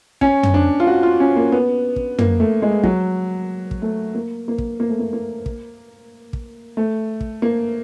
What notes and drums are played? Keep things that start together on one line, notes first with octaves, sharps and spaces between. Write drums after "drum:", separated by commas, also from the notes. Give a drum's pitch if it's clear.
C#4, drum: kick
drum: tom
D4
F4
F#4
F4
C#4
A#3
B3
drum: kick
A#3, drum: tom
A3
G#3
F#3, drum: kick
drum: kick
A3
A#3
A#3
drum: kick
A#3
A3
A#3
A#3
drum: kick
drum: kick
A3
drum: kick
A#3